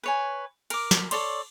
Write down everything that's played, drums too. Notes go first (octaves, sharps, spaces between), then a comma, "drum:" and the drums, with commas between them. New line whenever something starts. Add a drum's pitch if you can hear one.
B4 C#5 G#5
A#4 D6, drum: cymbal
drum: snare
A4 C#5 D5 C6, drum: cymbal